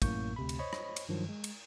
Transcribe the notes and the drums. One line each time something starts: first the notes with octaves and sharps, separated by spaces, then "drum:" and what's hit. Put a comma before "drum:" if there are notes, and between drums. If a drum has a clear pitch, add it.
A1 F#2 A2 A#3 C#6 G6, drum: kick, cymbal
D2 C3 B5
drum: cymbal
C5 C#5 D#5 B5 C#6
drum: rim click
drum: cymbal
G2 D#3 F3 F#3
G#3
drum: cymbal